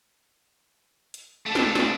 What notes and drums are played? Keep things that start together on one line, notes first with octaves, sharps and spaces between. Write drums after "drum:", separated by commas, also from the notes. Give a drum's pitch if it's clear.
drum: hi-hat
A3 D4 A4
drum: snare
drum: snare